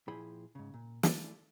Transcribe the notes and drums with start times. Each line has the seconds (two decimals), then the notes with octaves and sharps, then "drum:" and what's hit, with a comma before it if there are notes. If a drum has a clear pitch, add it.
0.08 A#2 F3 E4 G#4 G5 B5
0.55 G#2 C#3
0.74 A#2
1.03 A3 E4 F4 A4 D5, drum: snare